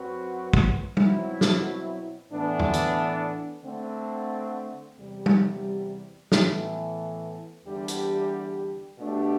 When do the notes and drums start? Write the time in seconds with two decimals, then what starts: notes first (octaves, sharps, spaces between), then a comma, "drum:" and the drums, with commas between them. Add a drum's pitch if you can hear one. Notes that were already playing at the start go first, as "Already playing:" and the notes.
Already playing: F#2 F#3 C4 F#4 B4
0.53 drum: kick
0.97 B2 F#3 C4 E4, drum: tom G3
1.41 drum: snare
2.31 A2 E3 B3 D4 A4
2.60 drum: tom E2
2.73 drum: hi-hat
3.64 D3 A3 C4
4.98 E2 C3 G3
5.26 drum: tom G3
6.32 A2 E3 B3 E4 A4, drum: snare
7.65 E2 D3 G3 D4 G4
7.88 drum: hi-hat
8.99 B2 A3 D4 G4